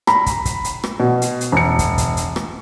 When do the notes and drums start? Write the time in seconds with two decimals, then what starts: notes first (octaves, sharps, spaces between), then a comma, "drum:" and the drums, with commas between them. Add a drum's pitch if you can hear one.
0.07 A#5 B5, drum: rim click
0.26 drum: kick, hi-hat
0.45 drum: kick, hi-hat
0.64 drum: hi-hat
0.84 drum: rim click
1.00 B2
1.22 drum: hi-hat
1.41 drum: hi-hat
1.52 E1 C#7
1.79 drum: kick, hi-hat
1.98 drum: kick, hi-hat
2.17 drum: hi-hat
2.36 drum: rim click